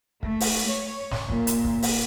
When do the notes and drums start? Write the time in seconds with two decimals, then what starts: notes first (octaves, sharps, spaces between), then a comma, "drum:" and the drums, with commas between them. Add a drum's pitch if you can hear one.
0.23 A3, drum: kick
0.40 drum: open hi-hat
0.67 C#5
1.11 drum: snare
1.30 A#2, drum: kick
1.47 drum: hi-hat
1.65 drum: kick
1.82 drum: open hi-hat